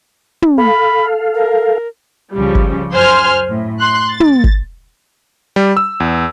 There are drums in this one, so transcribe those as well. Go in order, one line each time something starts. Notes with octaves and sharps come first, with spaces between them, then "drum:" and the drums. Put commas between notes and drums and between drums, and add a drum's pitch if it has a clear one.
drum: tom
A4 F5 B5
A#4
C#2 C#3 F3 G3
drum: kick G1
F#2 C5 G#5 C6 F6
A2
C6 F#6
A6
drum: tom
drum: kick G1
G3
E6
E2